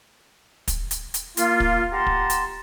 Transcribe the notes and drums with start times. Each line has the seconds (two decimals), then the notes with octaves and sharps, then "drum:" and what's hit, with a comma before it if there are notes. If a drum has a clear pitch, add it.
0.68 drum: kick, hi-hat
0.91 drum: hi-hat
1.14 drum: hi-hat
1.37 A#3 F4, drum: hi-hat
1.60 drum: kick
1.92 G4 F#5 A5 A#5 C6
2.06 drum: kick
2.30 drum: hi-hat